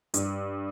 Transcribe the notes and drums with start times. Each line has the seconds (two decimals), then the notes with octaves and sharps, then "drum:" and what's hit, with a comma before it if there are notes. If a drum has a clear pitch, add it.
0.14 G2, drum: hi-hat